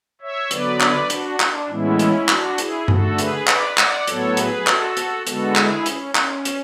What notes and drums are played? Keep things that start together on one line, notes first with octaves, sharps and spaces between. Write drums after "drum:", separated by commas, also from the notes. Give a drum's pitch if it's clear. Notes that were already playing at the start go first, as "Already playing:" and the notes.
C#5 E5
D3 F#3 B3 B4 D5, drum: hi-hat
drum: clap
D4 F#4, drum: hi-hat
D4, drum: clap
A2 E3 G#3 B3 C#4 E4
drum: hi-hat
D4 F#4, drum: clap
E4 G#4, drum: hi-hat
D3 A3 F#4 A4, drum: tom G2
G#4 B4, drum: hi-hat
B4 D5, drum: clap
D5 F#5, drum: clap
A2 F#3 B3 A4 C#5, drum: hi-hat
G#4 B4, drum: hi-hat
F#4 A4, drum: clap
drum: hi-hat
D3 G#3 B3 F#4 A4, drum: hi-hat
E4 G#4, drum: clap
C#4, drum: hi-hat
C#4, drum: clap
drum: hi-hat